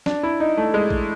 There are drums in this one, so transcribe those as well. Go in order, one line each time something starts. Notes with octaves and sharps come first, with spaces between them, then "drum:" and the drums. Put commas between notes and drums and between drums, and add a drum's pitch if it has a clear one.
D4, drum: snare
E4
D#4
A3
G#3
drum: kick